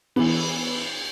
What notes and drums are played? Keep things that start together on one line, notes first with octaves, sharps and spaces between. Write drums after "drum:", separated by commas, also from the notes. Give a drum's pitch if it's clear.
E3 B3, drum: cymbal